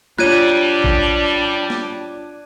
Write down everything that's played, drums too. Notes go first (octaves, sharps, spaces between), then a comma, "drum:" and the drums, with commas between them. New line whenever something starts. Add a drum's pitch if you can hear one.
G3 D4 F4 C#5 F#6 G#6 D#7, drum: snare
drum: kick A1
drum: snare